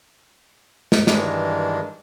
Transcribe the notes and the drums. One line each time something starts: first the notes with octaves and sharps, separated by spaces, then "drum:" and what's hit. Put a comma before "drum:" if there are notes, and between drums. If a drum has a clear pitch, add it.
drum: snare
G2 D#3 E3 G#3 D4, drum: snare